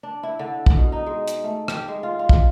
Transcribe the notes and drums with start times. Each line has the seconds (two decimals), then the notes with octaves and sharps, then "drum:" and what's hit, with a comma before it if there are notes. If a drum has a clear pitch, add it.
0.03 D4
0.23 E4
0.39 D3
0.66 drum: kick
0.77 B2
0.92 D#4
1.06 G#3
1.28 drum: hi-hat
1.44 A3
1.68 G4, drum: rim click
1.88 G#3
2.03 F4
2.19 F4
2.29 drum: kick